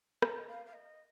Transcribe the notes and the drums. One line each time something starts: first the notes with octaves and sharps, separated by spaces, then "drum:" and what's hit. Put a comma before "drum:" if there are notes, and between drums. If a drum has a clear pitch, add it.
A#5, drum: rim click
D#5
F5
F5
D#5